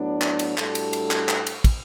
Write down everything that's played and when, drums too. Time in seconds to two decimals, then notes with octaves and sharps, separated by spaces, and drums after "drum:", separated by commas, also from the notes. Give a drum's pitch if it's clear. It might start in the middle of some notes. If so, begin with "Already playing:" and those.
Already playing: A2 F#3 B3 D4
0.21 drum: clap
0.39 drum: cymbal
0.58 A2 G3 D4 F#4 A4, drum: clap
0.75 drum: cymbal
0.93 drum: cymbal
1.11 drum: clap
1.29 drum: clap
1.47 drum: cymbal
1.64 drum: kick, cymbal